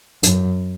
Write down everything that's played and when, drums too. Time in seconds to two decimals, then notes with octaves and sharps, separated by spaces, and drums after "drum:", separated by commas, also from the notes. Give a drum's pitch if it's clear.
0.23 F#2, drum: hi-hat